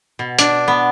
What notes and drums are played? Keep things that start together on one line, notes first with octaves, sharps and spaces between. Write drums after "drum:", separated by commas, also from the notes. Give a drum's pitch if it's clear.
B2
D4, drum: hi-hat
B3